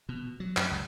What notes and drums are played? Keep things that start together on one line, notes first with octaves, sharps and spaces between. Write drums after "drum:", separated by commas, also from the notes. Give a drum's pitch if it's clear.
B2
F#3
F#2, drum: clap
C#2